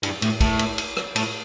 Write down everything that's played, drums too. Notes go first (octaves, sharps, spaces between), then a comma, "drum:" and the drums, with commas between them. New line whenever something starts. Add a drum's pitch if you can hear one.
G2, drum: cymbal
A2, drum: cymbal
A2, drum: kick, cymbal
drum: cymbal
drum: cymbal
drum: rim click
A2, drum: cymbal